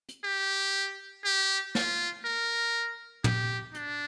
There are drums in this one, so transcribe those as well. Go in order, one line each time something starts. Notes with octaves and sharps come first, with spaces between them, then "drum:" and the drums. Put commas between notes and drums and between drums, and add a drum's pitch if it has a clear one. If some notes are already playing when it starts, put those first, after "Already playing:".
drum: hi-hat
G4
G4
F4, drum: snare
A#4
G4, drum: tom
D4, drum: hi-hat